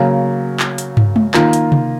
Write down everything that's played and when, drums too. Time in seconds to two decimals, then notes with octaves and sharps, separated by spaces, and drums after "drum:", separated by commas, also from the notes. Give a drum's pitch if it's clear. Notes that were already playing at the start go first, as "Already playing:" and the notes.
Already playing: C#3 F#3 A#3 C#4
0.60 drum: clap
0.78 drum: hi-hat
0.97 drum: tom
1.16 drum: tom G#3
1.34 D#3 A#3 F4, drum: clap
1.53 drum: hi-hat
1.72 drum: tom C3